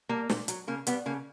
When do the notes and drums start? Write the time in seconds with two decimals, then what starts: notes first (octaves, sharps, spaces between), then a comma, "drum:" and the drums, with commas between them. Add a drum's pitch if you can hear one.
0.09 G3 A#3
0.29 A#2, drum: snare
0.48 F#3, drum: hi-hat
0.67 C#3 A#3
0.87 G3 B3, drum: hi-hat
1.06 C#3 A#3